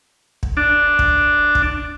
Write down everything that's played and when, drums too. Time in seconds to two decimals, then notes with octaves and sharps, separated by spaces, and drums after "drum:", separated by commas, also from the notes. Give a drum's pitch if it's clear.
0.43 drum: kick
0.57 D4
0.99 drum: kick
1.55 drum: kick